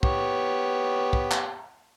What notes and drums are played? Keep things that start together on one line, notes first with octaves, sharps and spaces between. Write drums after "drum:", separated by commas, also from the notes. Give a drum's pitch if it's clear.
B3 G4 C#5, drum: kick
drum: kick
drum: clap